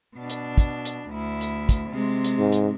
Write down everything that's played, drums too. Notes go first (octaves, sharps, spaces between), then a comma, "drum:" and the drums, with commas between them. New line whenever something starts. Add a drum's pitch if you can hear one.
B2 D4
drum: hi-hat
drum: kick, hi-hat
drum: hi-hat
D2 E4
drum: hi-hat
drum: kick, hi-hat
C3 G#3
drum: hi-hat
G#2
drum: hi-hat